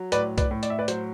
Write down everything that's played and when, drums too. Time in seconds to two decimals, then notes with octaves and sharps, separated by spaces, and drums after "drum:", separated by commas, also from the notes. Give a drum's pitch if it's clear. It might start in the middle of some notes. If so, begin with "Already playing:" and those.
Already playing: F#3
0.12 A2 B4 D5, drum: hi-hat
0.38 B4 D5, drum: kick C2, hi-hat
0.51 A2
0.63 D5, drum: hi-hat
0.70 E5
0.79 B4 D5
0.88 F#3 C5, drum: hi-hat